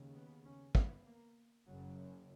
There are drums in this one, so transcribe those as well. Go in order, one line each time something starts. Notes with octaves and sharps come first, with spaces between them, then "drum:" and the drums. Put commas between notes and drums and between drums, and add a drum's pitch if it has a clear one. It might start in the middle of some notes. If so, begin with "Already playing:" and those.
Already playing: D#2 C#3
B3
C#4
B3, drum: kick
A#3
F#1 F#2 C#3 F#3